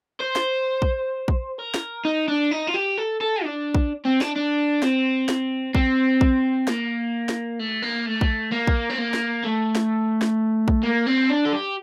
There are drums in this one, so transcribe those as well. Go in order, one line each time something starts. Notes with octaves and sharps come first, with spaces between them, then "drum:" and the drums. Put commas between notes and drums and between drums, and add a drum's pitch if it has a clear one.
C5
drum: snare
drum: kick
drum: kick
A#4
drum: snare
D#4
D4
D#4
F4
G4
A4
A4
D4
drum: kick
C4
D4, drum: snare
D4
C4, drum: snare
drum: snare
C4, drum: kick
drum: kick
A#3, drum: snare
drum: snare
A3
A#3
A3
drum: kick
A#3
drum: kick
C4
A#3
drum: snare
A3
drum: snare
drum: snare
drum: kick
A#3
C4
D4
A4
G4